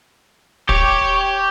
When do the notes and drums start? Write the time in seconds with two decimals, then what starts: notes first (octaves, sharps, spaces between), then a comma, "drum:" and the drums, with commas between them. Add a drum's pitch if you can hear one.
0.69 G4 C#5, drum: kick